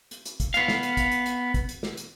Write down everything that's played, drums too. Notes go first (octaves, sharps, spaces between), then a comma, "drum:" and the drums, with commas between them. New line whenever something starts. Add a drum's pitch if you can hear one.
drum: hi-hat
drum: hi-hat
drum: kick, hi-hat
B3 F5, drum: hi-hat
drum: snare
drum: hi-hat
drum: kick, hi-hat
drum: hi-hat
drum: hi-hat
drum: kick, hi-hat
drum: hi-hat
drum: snare
drum: hi-hat